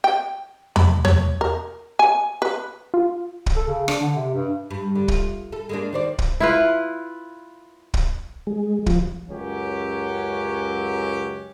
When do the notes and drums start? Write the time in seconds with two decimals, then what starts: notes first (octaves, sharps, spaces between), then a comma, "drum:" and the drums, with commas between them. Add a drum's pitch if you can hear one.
0.04 G5
0.76 B5, drum: tom E2
1.05 C#5, drum: tom E2
1.41 A#4
1.99 G#5
2.42 B4
2.94 F4
3.46 drum: kick
3.56 A4
3.67 C#3
3.88 D4, drum: rim click
4.01 D3
4.15 C3
4.34 G2
4.71 G2
4.95 D3
5.08 F4, drum: kick
5.52 A4
5.69 G#3 A#3 D4
5.93 D#3 C5 D5
6.19 drum: kick
6.40 E4 F4 B4
7.94 drum: kick
8.47 G#3
8.86 F3, drum: kick
9.29 C#2 F#2 F#3 C#4 G4